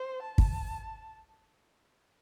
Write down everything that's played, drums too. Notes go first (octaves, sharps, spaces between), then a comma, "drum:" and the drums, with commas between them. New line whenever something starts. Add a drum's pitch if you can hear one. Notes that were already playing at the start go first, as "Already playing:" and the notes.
Already playing: C5
A5
drum: kick